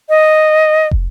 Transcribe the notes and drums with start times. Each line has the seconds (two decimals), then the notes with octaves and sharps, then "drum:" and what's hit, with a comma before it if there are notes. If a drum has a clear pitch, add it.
0.09 D#5
0.91 drum: kick